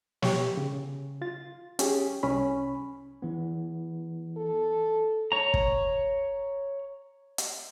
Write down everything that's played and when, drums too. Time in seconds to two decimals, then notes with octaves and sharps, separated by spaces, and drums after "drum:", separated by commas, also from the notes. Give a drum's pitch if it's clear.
0.22 G4 C#5, drum: snare
0.57 C#3
1.22 F4 A6
1.79 C#4 G4 G#4, drum: hi-hat
2.23 C2 C#4 B5
3.22 E3 B3
4.37 A4
5.32 C#5 A#5
5.54 drum: kick
7.38 drum: hi-hat